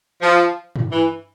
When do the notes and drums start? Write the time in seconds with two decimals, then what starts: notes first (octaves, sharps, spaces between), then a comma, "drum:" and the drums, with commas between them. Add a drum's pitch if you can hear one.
0.22 F3
0.76 drum: tom G2
0.92 E3